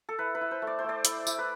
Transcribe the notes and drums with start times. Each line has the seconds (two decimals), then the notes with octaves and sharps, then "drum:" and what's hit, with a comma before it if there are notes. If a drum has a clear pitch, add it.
0.09 A4
0.19 E4 B4
0.35 B4
0.41 E4
0.51 C5
0.62 A3
0.67 D5
0.79 C5
0.84 A3 D5
1.05 E4, drum: hi-hat
1.27 E4, drum: tambourine
1.39 B4